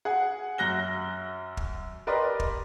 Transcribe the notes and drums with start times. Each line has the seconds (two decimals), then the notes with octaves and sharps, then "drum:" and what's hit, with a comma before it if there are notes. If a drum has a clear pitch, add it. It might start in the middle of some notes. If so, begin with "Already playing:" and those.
0.05 G#4 F#5
0.58 F#2 F#6 A#6 G7
1.57 drum: kick
2.07 G4 A#4 B4 D5 D#5 C6
2.40 drum: kick